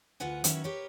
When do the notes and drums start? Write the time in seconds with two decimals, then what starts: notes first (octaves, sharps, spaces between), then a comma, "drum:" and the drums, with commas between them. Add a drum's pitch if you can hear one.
0.20 D2 E4 F4 B4 F#5 G#5
0.44 D#3 F#3 C#4 E4 B4 E5, drum: hi-hat
0.64 G4 A#4 B4 C#5